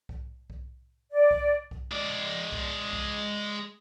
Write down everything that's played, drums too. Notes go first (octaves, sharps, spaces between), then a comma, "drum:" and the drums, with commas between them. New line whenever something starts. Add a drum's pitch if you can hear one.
drum: kick B1
drum: kick B1
D5
drum: kick B1
drum: kick B1
G#3 D5
drum: kick B1
drum: kick B1